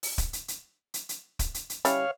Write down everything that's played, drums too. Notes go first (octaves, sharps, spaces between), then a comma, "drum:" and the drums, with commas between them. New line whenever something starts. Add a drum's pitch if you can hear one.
drum: open hi-hat
drum: kick, hi-hat
drum: hi-hat
drum: hi-hat
drum: hi-hat
drum: hi-hat
drum: kick, hi-hat
drum: hi-hat
drum: hi-hat
G3 C#4 E4 C#5 F5, drum: hi-hat